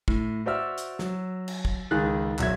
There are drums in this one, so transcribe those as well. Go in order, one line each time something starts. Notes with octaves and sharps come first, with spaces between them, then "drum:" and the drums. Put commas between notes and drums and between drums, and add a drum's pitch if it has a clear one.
A2, drum: kick
F#4 C5 D5 E5 E6 F6
drum: hi-hat
F#3, drum: snare
drum: cymbal
drum: kick
C#2 D#3 G#4 F#6 A6
E1 F#3 E5 G#6, drum: clap